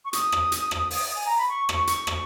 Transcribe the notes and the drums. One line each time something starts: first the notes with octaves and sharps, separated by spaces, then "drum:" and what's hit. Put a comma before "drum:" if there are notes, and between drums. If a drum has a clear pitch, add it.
C#6
D#6, drum: hi-hat
drum: rim click
drum: hi-hat
drum: rim click
drum: open hi-hat
G#5
A#5
B5
C#6
C#6, drum: rim click
C#6, drum: hi-hat
drum: rim click